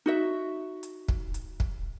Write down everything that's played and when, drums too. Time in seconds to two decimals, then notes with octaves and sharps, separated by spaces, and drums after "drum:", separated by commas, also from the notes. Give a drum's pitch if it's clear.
0.06 D#4 F#4 E5
0.83 drum: hi-hat
1.08 drum: kick
1.34 drum: hi-hat
1.60 drum: kick